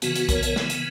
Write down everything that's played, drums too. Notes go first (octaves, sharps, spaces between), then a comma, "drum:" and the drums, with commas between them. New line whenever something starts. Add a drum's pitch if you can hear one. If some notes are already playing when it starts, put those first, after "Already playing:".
C#3 E3 B3 F#4, drum: hi-hat
drum: hi-hat
A#4 C#5, drum: kick A#1, hi-hat
drum: hi-hat
drum: snare
drum: hi-hat